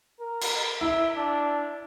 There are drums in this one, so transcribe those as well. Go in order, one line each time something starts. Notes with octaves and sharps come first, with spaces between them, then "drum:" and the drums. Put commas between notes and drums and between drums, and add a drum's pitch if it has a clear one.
A#4
drum: cymbal
E4 E5
D4